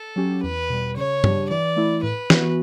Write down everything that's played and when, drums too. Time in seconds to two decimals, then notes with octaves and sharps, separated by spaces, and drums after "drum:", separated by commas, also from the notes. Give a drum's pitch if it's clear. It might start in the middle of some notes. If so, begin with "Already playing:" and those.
Already playing: A4
0.16 F#3 C#4 G4
0.42 E2 B4
0.70 B2 G3
0.97 C#3 C#5
1.24 G3 D4 G4, drum: tom G2
1.50 E3 D5
1.76 A3 E4
2.03 A2 B4
2.30 E3 B3 F#4, drum: snare